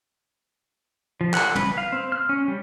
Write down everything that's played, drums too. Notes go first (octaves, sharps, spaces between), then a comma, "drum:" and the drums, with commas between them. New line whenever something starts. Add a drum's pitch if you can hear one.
F3
F#5, drum: clap
B4, drum: tom
F5
C4
F6
C#4
G3